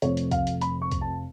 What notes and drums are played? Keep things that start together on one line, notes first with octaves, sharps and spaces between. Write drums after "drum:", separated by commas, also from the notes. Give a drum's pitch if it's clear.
F1 F2 F3 A3 C#5, drum: hi-hat
drum: hi-hat
F5, drum: kick, hi-hat
drum: hi-hat
B5, drum: hi-hat
C#6
drum: kick, hi-hat
A5